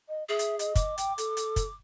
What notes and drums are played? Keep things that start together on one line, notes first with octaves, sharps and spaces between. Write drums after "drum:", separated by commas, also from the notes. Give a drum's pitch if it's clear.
D#5
G#4 E5
drum: hi-hat
D#5, drum: hi-hat
D6, drum: kick, hi-hat
G5, drum: hi-hat
A4, drum: hi-hat
drum: hi-hat
drum: kick, hi-hat